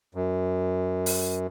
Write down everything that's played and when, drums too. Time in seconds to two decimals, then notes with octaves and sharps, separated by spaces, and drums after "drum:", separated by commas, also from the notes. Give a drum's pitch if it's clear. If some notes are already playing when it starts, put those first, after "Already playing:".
0.15 F#2
1.06 drum: open hi-hat